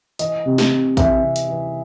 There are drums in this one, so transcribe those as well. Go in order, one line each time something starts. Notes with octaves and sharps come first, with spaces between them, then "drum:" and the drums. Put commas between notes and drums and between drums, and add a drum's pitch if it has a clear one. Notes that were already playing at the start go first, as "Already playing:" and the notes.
E3 D#5, drum: hi-hat
C3
drum: snare
C3
E3 E5, drum: kick, hi-hat
C3
drum: hi-hat
E3